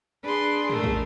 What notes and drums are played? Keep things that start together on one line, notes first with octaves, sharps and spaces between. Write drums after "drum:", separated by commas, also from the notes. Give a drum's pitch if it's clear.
D4 G#4 B4 C6
A3 A#4, drum: tom
drum: kick